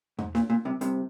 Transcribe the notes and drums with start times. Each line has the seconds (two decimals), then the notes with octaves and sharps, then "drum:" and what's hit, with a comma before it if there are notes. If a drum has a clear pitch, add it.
0.19 G#2, drum: tom E2
0.35 A#2, drum: snare D4
0.50 A#2
0.65 C2 C3
0.81 C2 C3, drum: hi-hat